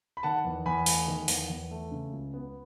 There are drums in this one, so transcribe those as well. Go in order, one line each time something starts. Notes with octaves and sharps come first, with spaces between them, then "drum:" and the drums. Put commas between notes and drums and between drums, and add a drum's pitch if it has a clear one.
B5
D#3 F#5 A5
E2
E2 G#5 B5
A3, drum: open hi-hat
D#3
E2, drum: open hi-hat
E2
A3
C#3
C#2
B3